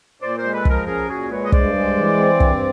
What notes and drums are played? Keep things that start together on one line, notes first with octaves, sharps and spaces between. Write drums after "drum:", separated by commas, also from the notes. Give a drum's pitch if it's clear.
A#2 C5 D5
A#4 C5
G#3
A4 B4
F3 G#4 A#4, drum: kick
C#4 G#4 A#4
A#2 F#4 G#4
G#3 B4 C#5
D#5
G2 C5 D5, drum: kick
G#3
E3
C4
G2, drum: kick